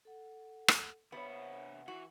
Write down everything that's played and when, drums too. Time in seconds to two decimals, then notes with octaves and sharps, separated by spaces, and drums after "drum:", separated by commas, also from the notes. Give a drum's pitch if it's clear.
0.05 A4 F#5
0.68 drum: rim click
1.12 C3 B3 C#5 E5 F#5
1.88 E3 F#4